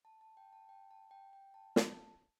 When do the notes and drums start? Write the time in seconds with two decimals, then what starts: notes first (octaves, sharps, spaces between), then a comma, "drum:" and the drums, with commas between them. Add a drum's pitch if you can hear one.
0.05 A5
0.21 A5
0.37 G5
0.53 A5
0.69 G5
0.91 A5
1.11 G5
1.33 G5
1.54 A5
1.76 A5, drum: snare